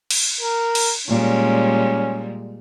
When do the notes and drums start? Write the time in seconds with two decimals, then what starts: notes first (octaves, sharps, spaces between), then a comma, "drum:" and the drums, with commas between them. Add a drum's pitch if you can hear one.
0.11 drum: cymbal
0.41 A#4
0.75 drum: cymbal
1.08 A#2 G3 G#3 C#4